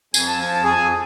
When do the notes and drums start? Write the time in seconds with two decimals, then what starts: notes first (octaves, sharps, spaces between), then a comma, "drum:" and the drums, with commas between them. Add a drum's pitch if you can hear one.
0.14 F2 G#5, drum: tambourine
0.27 A5
0.35 F3 G#5
0.51 A5
0.56 F2
0.64 G#4 G#5
0.78 F2